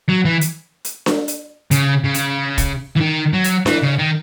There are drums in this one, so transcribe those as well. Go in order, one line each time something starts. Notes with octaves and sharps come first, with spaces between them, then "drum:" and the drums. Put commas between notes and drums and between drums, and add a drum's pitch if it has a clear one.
F#3
E3
drum: hi-hat
drum: hi-hat
drum: snare D4
drum: hi-hat
C#3, drum: hi-hat
C#3
drum: hi-hat
drum: kick, hi-hat
E3
D#3
F#3
drum: hi-hat
E3, drum: snare D4
C#3
D#3